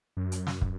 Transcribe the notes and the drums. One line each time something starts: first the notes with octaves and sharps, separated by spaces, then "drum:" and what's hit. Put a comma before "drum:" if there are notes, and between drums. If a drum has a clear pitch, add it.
F#2
drum: hi-hat
drum: snare
drum: kick